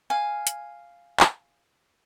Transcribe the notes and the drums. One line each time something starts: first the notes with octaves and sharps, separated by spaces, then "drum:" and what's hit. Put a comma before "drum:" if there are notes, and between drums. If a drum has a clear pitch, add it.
F5 G#5
drum: hi-hat
drum: clap